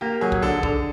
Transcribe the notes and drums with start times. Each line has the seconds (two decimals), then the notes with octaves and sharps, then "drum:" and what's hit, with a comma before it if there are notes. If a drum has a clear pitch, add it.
0.01 A#3 G4
0.21 F#3 G#4
0.32 drum: kick
0.42 D3 A4
0.63 D3, drum: kick